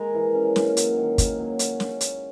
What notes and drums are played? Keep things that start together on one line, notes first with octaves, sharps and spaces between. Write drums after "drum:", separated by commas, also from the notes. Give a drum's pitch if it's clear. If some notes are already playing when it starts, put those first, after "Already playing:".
Already playing: G#3 A#4
E3
C#4
A#3, drum: snare
F#3, drum: hi-hat
D#3
A#3, drum: kick, hi-hat
F#3
C#4, drum: hi-hat
drum: snare
drum: hi-hat